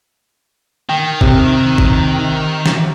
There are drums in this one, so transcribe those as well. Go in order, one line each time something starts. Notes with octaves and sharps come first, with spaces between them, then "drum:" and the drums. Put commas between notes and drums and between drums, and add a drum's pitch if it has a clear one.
D#3 G5
C3, drum: kick G#1
drum: kick G#1
drum: snare